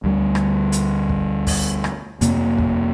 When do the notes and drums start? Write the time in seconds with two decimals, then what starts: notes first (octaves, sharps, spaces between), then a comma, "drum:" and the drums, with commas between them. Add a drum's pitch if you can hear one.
0.04 D2 D3 G3
0.35 drum: rim click
0.72 drum: hi-hat
1.09 drum: kick
1.47 drum: kick, open hi-hat
1.84 drum: rim click
2.21 F2 C3 A#3, drum: hi-hat
2.58 drum: kick